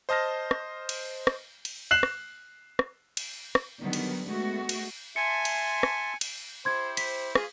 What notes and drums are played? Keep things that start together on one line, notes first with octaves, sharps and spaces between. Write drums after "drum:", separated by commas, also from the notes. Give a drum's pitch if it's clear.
C5 D#5 A5 F6 A#6
drum: rim click
drum: cymbal
drum: rim click
drum: cymbal
F#6 C7 E7 F#7
drum: rim click
drum: rim click
drum: cymbal
drum: rim click
D3 D#3 F#3 G3 B3
drum: cymbal
G#3 A3 B3 F#4
drum: cymbal
E5 G#5 A5 C6 C#7
drum: cymbal
drum: rim click
drum: cymbal
E4 G4 C5 C6 G#6
B6, drum: cymbal
F4 G#4, drum: rim click